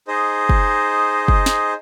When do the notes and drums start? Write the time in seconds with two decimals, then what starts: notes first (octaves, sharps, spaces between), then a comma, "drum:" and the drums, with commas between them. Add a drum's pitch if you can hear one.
0.08 D#4 G#4 C5 D#5
0.49 drum: kick
1.28 drum: kick
1.46 drum: snare